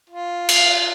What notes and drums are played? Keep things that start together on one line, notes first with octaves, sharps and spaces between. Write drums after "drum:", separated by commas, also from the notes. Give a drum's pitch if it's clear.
F4
F5, drum: cymbal